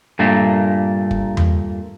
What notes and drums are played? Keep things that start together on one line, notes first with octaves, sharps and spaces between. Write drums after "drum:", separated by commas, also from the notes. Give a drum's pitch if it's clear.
G2 A#2 A3 A#3
drum: kick
drum: tom E2